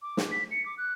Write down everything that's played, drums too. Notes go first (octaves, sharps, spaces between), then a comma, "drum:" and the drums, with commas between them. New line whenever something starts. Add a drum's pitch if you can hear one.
D6
drum: snare
B6
C#7
D6
F#6